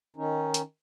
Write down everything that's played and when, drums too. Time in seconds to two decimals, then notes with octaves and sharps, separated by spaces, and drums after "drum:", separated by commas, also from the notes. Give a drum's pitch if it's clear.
0.16 D#3 C#4 D#4
0.54 drum: hi-hat